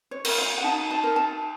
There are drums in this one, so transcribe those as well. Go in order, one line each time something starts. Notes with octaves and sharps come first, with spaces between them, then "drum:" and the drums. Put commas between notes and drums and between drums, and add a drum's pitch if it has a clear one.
C#5
A#4, drum: cymbal
F5
F#5
D#4 A5
A5
A#4
A5